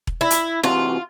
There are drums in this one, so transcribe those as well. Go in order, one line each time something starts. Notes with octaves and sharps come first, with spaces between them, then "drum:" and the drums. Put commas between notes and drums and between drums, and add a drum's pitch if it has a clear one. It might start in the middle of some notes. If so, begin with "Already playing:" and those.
drum: kick E1
E4
drum: hi-hat
C3 E3 F4 F#4